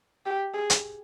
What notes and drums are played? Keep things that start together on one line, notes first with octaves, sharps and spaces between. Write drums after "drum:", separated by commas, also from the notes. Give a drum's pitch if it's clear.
G4
G#4
drum: hi-hat